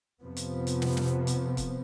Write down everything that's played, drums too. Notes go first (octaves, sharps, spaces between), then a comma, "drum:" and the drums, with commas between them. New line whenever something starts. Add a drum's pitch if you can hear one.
F2 C3 F3 B3
drum: hi-hat
drum: hi-hat
drum: snare
drum: snare
drum: hi-hat
drum: kick, hi-hat